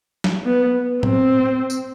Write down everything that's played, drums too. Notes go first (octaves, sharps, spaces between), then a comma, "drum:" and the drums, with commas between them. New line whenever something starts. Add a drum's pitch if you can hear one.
drum: snare
B3
C4, drum: tom A2
drum: tambourine